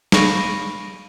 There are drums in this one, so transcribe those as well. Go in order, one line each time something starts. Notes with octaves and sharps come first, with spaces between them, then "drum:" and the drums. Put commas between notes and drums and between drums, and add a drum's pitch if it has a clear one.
F5 B5 C#6 A#6 D7 D#7, drum: snare